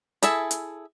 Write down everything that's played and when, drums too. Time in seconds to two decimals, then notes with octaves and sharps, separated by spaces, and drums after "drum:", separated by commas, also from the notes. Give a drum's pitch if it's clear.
0.23 E4 G#4 A4 E5, drum: hi-hat
0.51 drum: hi-hat